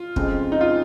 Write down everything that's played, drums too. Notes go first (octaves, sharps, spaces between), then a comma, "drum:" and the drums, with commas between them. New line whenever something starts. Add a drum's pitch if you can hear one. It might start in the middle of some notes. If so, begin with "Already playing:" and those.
Already playing: F4
F2 C#3 G#3 C4, drum: kick
D#4
F4